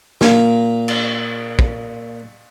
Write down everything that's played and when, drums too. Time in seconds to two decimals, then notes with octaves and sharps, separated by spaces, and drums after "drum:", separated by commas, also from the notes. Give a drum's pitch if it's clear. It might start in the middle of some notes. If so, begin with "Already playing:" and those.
0.21 A#2 A#3, drum: snare
0.88 drum: cymbal
1.59 drum: kick